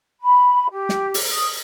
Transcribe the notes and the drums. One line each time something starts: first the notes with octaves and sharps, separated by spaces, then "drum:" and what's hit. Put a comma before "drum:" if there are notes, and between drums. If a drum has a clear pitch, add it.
B5
G4
drum: snare
drum: open hi-hat
D#6